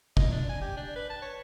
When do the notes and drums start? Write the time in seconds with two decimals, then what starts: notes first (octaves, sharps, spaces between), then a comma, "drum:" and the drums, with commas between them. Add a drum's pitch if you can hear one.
0.17 D#5, drum: kick
0.32 D4
0.49 G#5
0.61 G4
0.77 D4
0.96 B4
1.10 A5
1.22 C#5